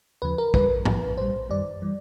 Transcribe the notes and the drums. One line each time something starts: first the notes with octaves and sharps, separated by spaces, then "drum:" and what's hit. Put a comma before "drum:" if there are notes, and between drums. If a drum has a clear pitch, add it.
D#2 C#3 F3 B4
A#4
D#2 D3 G3 B4, drum: kick
A#1 A#2 F#3, drum: tom G#2
A#1 A#2 G3 C5
F#2 D#3 G3 D5
E3 G3